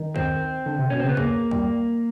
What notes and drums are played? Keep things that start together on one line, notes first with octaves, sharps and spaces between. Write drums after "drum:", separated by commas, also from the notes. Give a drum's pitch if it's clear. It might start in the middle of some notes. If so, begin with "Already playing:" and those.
Already playing: D#3
C4, drum: kick
D3
C3
B2 C#4
C4
C#3
B3
C#3 A#3, drum: kick
G3, drum: kick